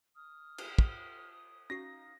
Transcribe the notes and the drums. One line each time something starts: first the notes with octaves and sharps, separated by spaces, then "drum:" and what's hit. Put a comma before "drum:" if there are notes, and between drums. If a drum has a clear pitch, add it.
D#6 F6
drum: cymbal
drum: kick
C#4 D#4 F#4 F5 A#6 C7